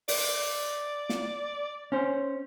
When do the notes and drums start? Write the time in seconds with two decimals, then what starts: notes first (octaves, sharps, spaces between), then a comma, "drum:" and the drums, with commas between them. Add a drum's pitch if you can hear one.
0.08 D5, drum: open hi-hat
1.09 drum: snare
1.92 C#4 C5